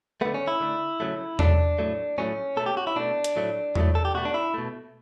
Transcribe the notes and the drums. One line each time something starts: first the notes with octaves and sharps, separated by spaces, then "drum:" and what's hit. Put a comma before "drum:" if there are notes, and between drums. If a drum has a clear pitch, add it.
D3 A3 B3
C#4
E4
D3 A3
C#3 F#3 A3
C#3 F#3 A3 D4, drum: tom E2
A2 F#3 A3
A2 F#3 A3 C#4
B2 A3 A4
G4
F#4
E4
B2 A3 D4
drum: hi-hat
A2 F#3 A3
A2 F#3 A3, drum: tom E2
A4
G4
B2 A3 F#4
D4
E4
B2 A3